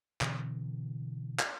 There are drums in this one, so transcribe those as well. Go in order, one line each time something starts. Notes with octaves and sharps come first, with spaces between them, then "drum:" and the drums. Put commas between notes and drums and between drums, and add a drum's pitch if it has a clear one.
B2 D3 E3 C4, drum: clap
drum: clap